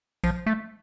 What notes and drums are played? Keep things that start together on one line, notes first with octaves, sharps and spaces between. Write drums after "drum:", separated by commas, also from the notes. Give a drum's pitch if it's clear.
F3, drum: kick A#1, tambourine
A3